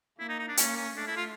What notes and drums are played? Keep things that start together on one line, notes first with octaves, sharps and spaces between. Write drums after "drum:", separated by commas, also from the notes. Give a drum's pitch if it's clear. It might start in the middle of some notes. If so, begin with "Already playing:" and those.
A#3 E4
D#4
D#4
D4
A#3 C#4, drum: hi-hat
C#4
A3 D4
E4
F4